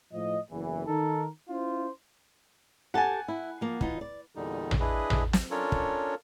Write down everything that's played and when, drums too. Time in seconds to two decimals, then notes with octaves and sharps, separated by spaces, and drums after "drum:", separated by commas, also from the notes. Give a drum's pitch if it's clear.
0.13 A2 F3 D#5
0.51 F#1 E2 E3
0.87 D#3 D#4 A4 A#4
1.49 C#4 E4 F4 C5
2.94 G4 A4 F#5 G#5 A5
3.28 E4
3.61 F3 A#3
3.81 E3 D#4 F4, drum: kick
4.01 D5
4.35 E2 A#2 D3 G3 D#4
4.71 drum: tom A1
4.80 D4 E4 G#4 B4 D#5
5.10 drum: tom A1
5.33 drum: snare
5.51 C#4 D4 F4 A4 A#4 C#5
5.72 drum: kick